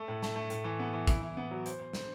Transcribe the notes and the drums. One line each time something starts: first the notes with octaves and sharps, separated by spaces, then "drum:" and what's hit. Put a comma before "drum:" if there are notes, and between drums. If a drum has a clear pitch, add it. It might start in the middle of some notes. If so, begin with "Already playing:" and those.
Already playing: A3
A2
A3, drum: snare
A3
A2, drum: hi-hat
E3
B3
E3
E4, drum: kick, hi-hat
E4
B3
F#3
C5, drum: hi-hat
C5
C5, drum: snare